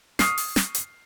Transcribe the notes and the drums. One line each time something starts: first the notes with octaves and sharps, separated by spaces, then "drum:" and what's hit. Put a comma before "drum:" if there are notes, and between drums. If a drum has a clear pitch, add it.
C#6 D#6 F6 C7, drum: snare
drum: open hi-hat
drum: snare
drum: hi-hat